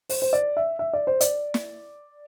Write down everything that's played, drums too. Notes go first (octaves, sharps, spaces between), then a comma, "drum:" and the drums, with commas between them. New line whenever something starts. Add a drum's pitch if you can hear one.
C5, drum: open hi-hat
C5
D5
E5
E5
D5
C5
D5, drum: hi-hat
drum: snare